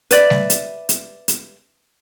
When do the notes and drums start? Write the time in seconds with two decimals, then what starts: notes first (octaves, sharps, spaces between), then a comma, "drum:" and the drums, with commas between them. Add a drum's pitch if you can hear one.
0.11 B4 D5 E5, drum: hi-hat
0.30 drum: snare G3
0.50 drum: hi-hat
0.89 drum: hi-hat
1.28 drum: hi-hat